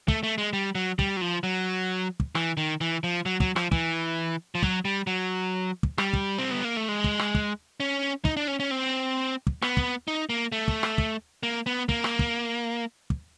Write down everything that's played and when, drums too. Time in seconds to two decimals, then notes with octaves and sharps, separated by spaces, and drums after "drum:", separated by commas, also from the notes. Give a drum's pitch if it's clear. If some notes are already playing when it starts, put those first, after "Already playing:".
0.08 A3, drum: kick
0.23 A3
0.38 G#3
0.53 G3
0.75 F#3
0.99 G3, drum: kick
1.17 F#3
1.22 F3
1.43 F#3
2.20 drum: kick
2.35 E3, drum: rim click
2.57 D#3
2.81 E3
3.04 F3
3.26 F#3
3.40 F#3, drum: kick
3.56 F3, drum: rim click
3.72 E3, drum: kick
4.55 F3
4.63 F#3, drum: kick
4.85 G3
5.07 F#3
5.83 drum: kick
5.98 G3, drum: rim click
6.13 drum: kick
6.38 C4
6.51 B3
6.65 A#3
6.77 A3
6.89 G#3
7.04 drum: kick
7.19 drum: rim click
7.35 drum: kick
7.80 C#4
8.25 D#4, drum: kick
8.37 D4
8.48 C#4
8.60 C#4
8.71 C4
9.47 drum: kick
9.62 B3, drum: rim click
9.77 drum: kick
10.08 D#4
10.29 A#3
10.52 A3
10.68 drum: kick
10.83 drum: rim click
10.98 drum: kick
11.43 A#3
11.66 B3
11.89 A#3, drum: kick
12.04 drum: rim click
12.19 drum: kick
13.10 drum: kick